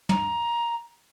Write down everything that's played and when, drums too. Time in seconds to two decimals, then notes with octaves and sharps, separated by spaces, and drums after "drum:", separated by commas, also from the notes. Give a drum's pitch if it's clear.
0.09 A#5, drum: tom